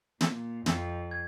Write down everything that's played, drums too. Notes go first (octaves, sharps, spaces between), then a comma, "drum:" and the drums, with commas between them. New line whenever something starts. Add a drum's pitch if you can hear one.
A#2, drum: snare
F2, drum: snare
G#6